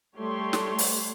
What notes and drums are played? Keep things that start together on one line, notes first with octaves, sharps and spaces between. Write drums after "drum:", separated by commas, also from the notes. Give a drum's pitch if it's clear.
G3 A3 G4 C#5 C6
drum: snare
drum: open hi-hat